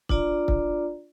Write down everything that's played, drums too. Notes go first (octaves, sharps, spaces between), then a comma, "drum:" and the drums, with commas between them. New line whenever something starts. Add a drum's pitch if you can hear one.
D4 F4 D5 A#5, drum: kick
drum: kick